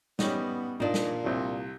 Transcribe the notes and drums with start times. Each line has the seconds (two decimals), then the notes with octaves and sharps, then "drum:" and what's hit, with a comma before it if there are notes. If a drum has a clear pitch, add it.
0.19 G3 B3 C#4 D#4, drum: snare
0.80 A#2 A#3 D4 D#4
0.94 drum: snare
1.24 C2 C3